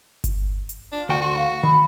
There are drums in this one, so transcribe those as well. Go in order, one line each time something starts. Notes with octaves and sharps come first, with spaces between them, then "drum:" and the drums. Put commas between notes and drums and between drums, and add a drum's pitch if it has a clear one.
drum: kick G1, hi-hat
drum: hi-hat
D4 F4
D2 F#4 G5
F#4 C6
F5
D#3 B5